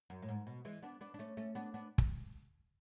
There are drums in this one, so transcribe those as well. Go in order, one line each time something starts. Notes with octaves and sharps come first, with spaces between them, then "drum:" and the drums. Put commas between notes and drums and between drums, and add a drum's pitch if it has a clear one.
F#2
A2
G#2
B2
E3 G#3
B3 D4
B3 D4
D4
A3 C#4
A3 C#4
B3 D4
B3 D4
drum: kick